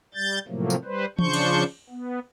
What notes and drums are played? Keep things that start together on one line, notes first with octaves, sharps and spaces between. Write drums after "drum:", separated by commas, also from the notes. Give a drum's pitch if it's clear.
G3 G6 A6
A2 C3 F3 F#3 A3 A#3
drum: tambourine
G3 B4 C5
C#3 F3 D4 C5 C#6 G6, drum: tom E3
drum: cymbal
B3